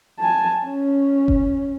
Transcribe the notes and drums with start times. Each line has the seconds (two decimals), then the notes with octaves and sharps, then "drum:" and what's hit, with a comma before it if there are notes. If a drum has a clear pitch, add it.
0.19 G#5 A5
0.65 C#4
1.28 drum: kick F#1